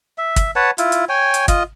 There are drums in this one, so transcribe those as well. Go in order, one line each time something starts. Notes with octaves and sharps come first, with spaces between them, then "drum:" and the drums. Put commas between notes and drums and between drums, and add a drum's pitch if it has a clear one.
E5
drum: kick, hi-hat
B4 C#5 F#5 A5
E4 F4, drum: hi-hat
drum: hi-hat
C#5 G5 G#5
drum: hi-hat
F4 D#5, drum: kick, hi-hat